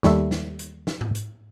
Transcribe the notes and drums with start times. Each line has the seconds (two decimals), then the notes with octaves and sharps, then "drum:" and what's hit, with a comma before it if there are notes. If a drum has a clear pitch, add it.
0.03 D#2 G3 A3 E5, drum: snare
0.31 drum: snare
0.59 drum: hi-hat
0.87 drum: snare
1.01 drum: tom G#2
1.15 drum: hi-hat